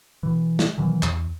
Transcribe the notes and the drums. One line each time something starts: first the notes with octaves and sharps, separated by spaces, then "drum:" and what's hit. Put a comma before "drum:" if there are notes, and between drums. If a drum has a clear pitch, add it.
B2 E3
drum: snare
B2 D#3 E3 F#3
E2, drum: clap